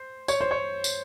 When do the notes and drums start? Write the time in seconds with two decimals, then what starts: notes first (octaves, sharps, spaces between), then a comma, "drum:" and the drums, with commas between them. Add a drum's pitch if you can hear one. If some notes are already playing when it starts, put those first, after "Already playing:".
Already playing: C5
0.28 C#5, drum: tambourine
0.41 C5
0.51 C#5
0.84 drum: tambourine